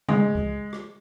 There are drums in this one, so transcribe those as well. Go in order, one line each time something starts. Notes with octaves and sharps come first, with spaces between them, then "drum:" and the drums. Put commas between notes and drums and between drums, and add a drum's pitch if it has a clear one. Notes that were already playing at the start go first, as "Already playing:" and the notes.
G#3, drum: tom C#3
drum: kick C#2
drum: rim click